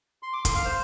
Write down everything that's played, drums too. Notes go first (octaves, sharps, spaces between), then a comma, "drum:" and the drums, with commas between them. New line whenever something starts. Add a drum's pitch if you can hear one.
C6
D6
C6, drum: kick, hi-hat
F5
C5